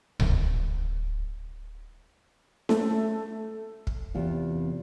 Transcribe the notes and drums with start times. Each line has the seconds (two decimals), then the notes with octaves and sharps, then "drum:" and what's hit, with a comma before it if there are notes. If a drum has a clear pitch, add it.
0.20 D1, drum: tom C2
2.69 A3, drum: snare C#4
3.87 drum: kick
4.15 E2 C3 F4